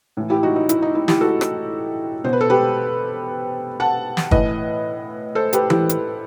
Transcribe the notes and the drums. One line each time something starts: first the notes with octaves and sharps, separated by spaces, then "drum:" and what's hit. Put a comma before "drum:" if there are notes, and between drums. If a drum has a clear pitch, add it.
A2 E3
E4 G4
D#4 F#4
D#4
E4, drum: hi-hat
D#4
E4
E4 G4, drum: snare
F#4 A4
drum: rim click
B2 C5
B4
A4
G4 B4
F#5 A5
drum: snare
A2 E3 B4 D#5, drum: kick
A4 C5
G4 B4, drum: hi-hat
E4 G4, drum: tom E3
drum: hi-hat